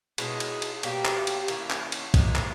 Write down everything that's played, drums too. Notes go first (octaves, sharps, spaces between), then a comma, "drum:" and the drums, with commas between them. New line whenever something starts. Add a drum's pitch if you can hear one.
B2 G#3 D#4 E4, drum: cymbal
drum: cymbal
drum: cymbal
B2 G3 A#3 G4, drum: cymbal
drum: clap
drum: cymbal
D#3 A#3 C#4 E4, drum: cymbal
drum: clap
drum: cymbal
A#2 G#3 D#4, drum: kick, cymbal
drum: clap